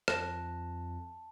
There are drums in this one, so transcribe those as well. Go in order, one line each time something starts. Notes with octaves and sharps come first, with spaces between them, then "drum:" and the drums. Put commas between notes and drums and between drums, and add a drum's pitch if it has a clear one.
F2 A5 F#6 A#6 E7, drum: rim click